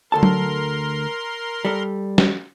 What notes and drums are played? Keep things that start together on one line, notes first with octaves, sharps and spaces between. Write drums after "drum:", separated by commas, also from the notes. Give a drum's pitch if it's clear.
D2 A4 A#4 A5 C6
drum: tom F#3
G3 A4
drum: snare